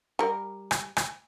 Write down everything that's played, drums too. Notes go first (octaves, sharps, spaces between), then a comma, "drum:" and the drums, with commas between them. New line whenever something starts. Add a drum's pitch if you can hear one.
G3 A#4
drum: rim click
drum: rim click